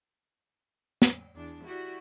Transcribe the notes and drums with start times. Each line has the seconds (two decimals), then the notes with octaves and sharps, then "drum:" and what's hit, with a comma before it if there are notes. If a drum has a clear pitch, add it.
1.02 drum: snare
1.35 E2 D4
1.64 E4 F#4 G4 D5